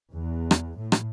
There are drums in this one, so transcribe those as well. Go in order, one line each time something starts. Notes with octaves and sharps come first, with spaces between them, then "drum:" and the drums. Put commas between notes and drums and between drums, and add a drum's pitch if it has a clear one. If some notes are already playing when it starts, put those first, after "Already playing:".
E2
drum: rim click
A2
drum: rim click